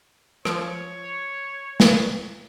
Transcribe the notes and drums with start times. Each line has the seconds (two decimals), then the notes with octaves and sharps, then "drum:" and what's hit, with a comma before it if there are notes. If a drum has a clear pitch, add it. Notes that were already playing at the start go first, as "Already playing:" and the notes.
0.45 F3 C#5, drum: rim click
1.80 drum: snare